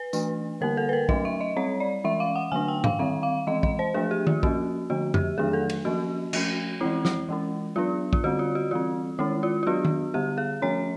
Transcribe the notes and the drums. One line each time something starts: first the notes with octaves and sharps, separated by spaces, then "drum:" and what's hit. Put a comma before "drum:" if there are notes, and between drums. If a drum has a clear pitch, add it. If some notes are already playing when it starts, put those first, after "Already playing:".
Already playing: B4
E3 A3 D4, drum: tambourine
D3 G3 A#3 A#4
A4
B4
A#4
F#3 A3 C#4 D#5, drum: kick
E5
D#5
G3 C4 C#5
D5
E3 G#3 C#4 E5
F5
F#5
D3 F#3 A3 D4 G#5
G5
F5, drum: tom
D#3 G3 C4 E5
F5
E3 G#3 C4 D#5
D#5, drum: kick
C5
F3 A3 D4 G#4
G4
F4, drum: tom D#3
F3 A#3 C#4 F#4, drum: kick
D3 F3 A3 F#4
G4, drum: tom F2
D#3 F#3 A3 D4 G#4
A4
drum: cymbal
F3 A#3 C#4 F#4
F3 A3 C#4, drum: cymbal
E3 G#3 C4 E4
E4, drum: snare
E3 G#3 C#4
F#3 B3 D4 F4
F4, drum: kick
D3 G3 C4 F#4
F4
F#4
E3 G3 C4 F4
D#3 G#3 C#4 E4
F4
F4
F#3 B3 D4 F#4
drum: tom D#3
D3 G3 B3 G4
G#4
F3 A3 C#4 C#5